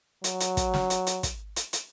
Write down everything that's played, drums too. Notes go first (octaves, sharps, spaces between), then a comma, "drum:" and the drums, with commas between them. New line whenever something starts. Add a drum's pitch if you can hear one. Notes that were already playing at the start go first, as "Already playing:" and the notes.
F#3, drum: hi-hat
drum: hi-hat
drum: kick, hi-hat
drum: snare
drum: hi-hat
drum: hi-hat
drum: kick, hi-hat
drum: hi-hat
drum: hi-hat